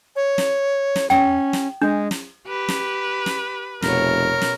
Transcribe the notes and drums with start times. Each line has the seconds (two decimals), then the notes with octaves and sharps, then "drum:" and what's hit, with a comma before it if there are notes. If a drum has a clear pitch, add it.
0.16 C#5
0.38 drum: snare
0.96 drum: snare
1.10 C#4 G5, drum: tom
1.53 drum: snare
1.82 G#3 D4
2.11 drum: snare
2.48 G4 B4
2.69 drum: snare
3.26 drum: snare
3.82 F1 B2 A#4 C#5, drum: snare
4.41 drum: snare